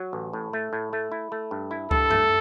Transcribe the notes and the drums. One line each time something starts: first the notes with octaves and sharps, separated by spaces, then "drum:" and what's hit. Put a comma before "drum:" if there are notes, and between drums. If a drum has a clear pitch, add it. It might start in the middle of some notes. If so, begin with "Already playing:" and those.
Already playing: F#3
A1
A2
A3
A2
A3
E4
A3
G2
E4
G2 A4, drum: kick C#2
A3, drum: tom